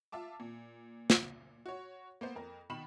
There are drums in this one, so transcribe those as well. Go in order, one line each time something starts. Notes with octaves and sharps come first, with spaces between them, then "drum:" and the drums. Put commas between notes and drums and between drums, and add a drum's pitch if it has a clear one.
F4 E5 A5 D6
A#2
drum: snare
F#4 C#5
A#3 B3 C5
F2 A#4
B2 D#3 B5 E7 F#7